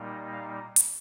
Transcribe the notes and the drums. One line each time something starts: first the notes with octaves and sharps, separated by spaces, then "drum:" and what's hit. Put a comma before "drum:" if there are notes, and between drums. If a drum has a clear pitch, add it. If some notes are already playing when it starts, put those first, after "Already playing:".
Already playing: A#2 G3 A#3 D#4
F5
drum: hi-hat